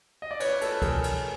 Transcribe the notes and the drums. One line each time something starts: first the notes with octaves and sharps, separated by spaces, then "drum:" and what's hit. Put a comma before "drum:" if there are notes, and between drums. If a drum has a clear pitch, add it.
D#5
D5
B4 C#5, drum: cymbal
A4 B4, drum: cymbal
G#4 A#4, drum: kick, cymbal
drum: cymbal